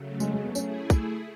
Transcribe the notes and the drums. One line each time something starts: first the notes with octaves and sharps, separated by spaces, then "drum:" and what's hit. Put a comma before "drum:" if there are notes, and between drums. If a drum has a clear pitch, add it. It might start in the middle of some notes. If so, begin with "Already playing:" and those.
Already playing: C#3 F#3 A3
G#3, drum: tambourine
G#3
B3
A3 C#4 E4 G#4, drum: tambourine
drum: kick, tambourine